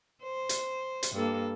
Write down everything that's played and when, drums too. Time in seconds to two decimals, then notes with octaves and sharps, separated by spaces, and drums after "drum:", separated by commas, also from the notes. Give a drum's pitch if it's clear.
0.23 C5
0.49 drum: hi-hat
1.03 drum: hi-hat
1.13 G2 A#3 A4